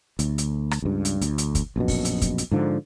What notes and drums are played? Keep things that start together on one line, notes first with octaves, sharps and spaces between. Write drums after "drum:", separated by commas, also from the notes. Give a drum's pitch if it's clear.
D2, drum: hi-hat
drum: hi-hat
drum: rim click
C#2 G2
drum: hi-hat
D2, drum: hi-hat
drum: hi-hat
drum: kick, hi-hat
A#1 F#2 B2
drum: kick, open hi-hat
drum: hi-hat
drum: kick, hi-hat
drum: hi-hat
G#2 D3 F3